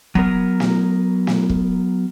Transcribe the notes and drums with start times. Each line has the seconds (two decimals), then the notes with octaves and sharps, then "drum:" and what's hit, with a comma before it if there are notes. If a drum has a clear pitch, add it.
0.15 F#3 B3 A#4, drum: kick
0.60 drum: snare
1.27 drum: snare
1.49 drum: kick